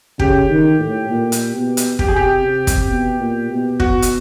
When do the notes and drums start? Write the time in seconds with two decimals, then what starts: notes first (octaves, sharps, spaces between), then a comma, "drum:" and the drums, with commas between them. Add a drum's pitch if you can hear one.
0.19 C#3 G4, drum: kick
0.50 D#3
0.79 A2
1.09 A#2
1.32 drum: hi-hat
1.54 B2
1.77 drum: hi-hat
1.99 C3 G4, drum: kick
2.08 G#4
2.16 G4
2.45 C3
2.67 drum: kick, hi-hat
2.90 B2
3.20 A#2
3.50 B2
3.80 F#4, drum: kick
4.02 drum: hi-hat